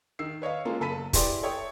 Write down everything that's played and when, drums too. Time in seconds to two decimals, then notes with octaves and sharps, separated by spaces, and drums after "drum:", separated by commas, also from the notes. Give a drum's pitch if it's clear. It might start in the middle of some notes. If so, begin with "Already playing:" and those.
0.19 D#3 E6 C7
0.42 B4 C#5 D#5 F5
0.65 G#3 A#3 C#4 F4 A4
0.80 F#1 A4 A5 B5 B6 D#7
1.13 E4 G4 G#4 B4 D5 C6, drum: kick, hi-hat
1.43 A4 C#5 E5 G5 D#6